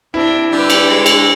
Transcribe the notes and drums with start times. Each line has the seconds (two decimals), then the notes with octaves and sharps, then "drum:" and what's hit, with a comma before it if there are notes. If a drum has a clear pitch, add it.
0.14 C3 C4 D4 E4
0.52 D3 G3 G4 B4
0.70 drum: cymbal
0.89 G#3
1.06 drum: cymbal